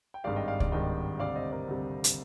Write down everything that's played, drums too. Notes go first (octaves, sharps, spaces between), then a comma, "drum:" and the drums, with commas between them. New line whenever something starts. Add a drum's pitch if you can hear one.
G5
G#1 G2 D#3 G#3 D5 F5
D#5 G5
D5 F5
D5 F5, drum: kick C#2
G#1 G2 D#3 G#3 D#5 G5
D2 C3 G3 D5 F5
C5 D#5
A#4 D5
D2 C3 G3
drum: hi-hat